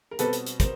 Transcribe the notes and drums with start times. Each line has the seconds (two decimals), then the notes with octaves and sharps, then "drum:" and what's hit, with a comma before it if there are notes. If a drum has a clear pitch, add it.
0.11 A#4
0.19 B2 G3 C4 A4 B4, drum: hi-hat
0.33 drum: hi-hat
0.47 drum: hi-hat
0.60 A#4 C5, drum: kick, hi-hat